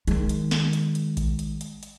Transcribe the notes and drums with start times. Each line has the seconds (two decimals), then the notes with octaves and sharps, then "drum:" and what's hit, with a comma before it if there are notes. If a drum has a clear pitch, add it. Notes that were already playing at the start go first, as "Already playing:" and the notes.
0.07 D#3 G#3, drum: hi-hat
0.29 drum: hi-hat
0.51 drum: snare
0.73 drum: hi-hat
0.95 drum: hi-hat
1.17 drum: kick A1, hi-hat
1.39 drum: hi-hat
1.61 drum: hi-hat
1.83 drum: hi-hat